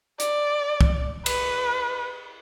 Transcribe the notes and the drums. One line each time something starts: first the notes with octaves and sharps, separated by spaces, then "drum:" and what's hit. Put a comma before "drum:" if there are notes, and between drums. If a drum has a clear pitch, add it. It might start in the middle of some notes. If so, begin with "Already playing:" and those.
D5, drum: hi-hat
drum: kick
B4, drum: cymbal